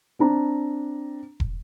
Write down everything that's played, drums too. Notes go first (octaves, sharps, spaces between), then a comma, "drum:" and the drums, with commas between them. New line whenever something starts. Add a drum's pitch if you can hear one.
C4 D4 A#5
drum: kick E1